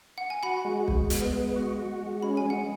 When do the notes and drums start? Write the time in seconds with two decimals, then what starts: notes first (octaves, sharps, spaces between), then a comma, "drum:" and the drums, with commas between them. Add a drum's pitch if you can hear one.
0.18 F#5
0.30 G#5
0.43 F#4 F#5 B5
0.65 G#3
0.88 G#3, drum: kick
1.10 B3, drum: hi-hat
1.33 G#3
1.56 F#4
1.78 F#4
2.01 G#3
2.23 C#4 B5
2.37 G#5
2.45 G#3
2.50 F#5